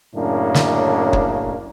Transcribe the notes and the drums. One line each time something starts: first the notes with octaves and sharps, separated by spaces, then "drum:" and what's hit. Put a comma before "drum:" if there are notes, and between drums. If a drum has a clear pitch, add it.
F#2 A2 C#3 A#3 D4
drum: snare
drum: kick